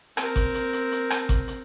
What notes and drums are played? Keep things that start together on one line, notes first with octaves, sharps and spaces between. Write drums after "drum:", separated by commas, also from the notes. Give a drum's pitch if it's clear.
C4 A#4, drum: rim click
drum: kick G#1, hi-hat
drum: hi-hat
drum: hi-hat
drum: hi-hat
drum: rim click
drum: kick G#1, hi-hat
drum: hi-hat